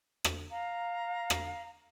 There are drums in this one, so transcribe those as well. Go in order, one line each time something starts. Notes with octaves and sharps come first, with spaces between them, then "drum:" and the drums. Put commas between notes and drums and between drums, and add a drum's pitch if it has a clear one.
drum: rim click
F5 A#5
drum: rim click